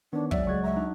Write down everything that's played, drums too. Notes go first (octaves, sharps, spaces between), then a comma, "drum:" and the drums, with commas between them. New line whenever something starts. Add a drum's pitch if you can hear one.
D#3 B3 D4 C#5
F#3 G#3 D5 E5, drum: kick
C#2 G#3 C#6 F#6 G#6
E5 A#5 C#6
D4 D#4 F#6